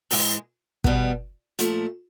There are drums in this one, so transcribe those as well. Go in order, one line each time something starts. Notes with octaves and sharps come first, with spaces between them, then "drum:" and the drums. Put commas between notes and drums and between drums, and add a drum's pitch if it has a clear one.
G#2 E3 G#3, drum: open hi-hat
E2 B2 G3 B3, drum: kick
A#2 F3 A3, drum: hi-hat